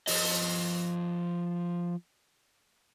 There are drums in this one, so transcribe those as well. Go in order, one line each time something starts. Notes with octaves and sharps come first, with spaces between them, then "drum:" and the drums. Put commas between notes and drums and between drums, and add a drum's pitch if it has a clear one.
F3 D#5, drum: open hi-hat